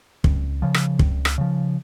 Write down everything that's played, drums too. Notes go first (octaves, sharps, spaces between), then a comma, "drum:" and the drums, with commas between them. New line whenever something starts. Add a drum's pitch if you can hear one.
C#2, drum: kick
C#3 F3
drum: rim click
C#2, drum: kick
drum: rim click
C#3 F3